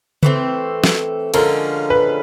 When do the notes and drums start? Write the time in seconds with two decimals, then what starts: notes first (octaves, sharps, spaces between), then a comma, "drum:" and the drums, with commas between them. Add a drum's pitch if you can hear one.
0.23 E3 A3 C4, drum: tom C#3
0.84 drum: snare
1.34 D3 F3 G#3 C#4 A#4, drum: cymbal
1.90 B4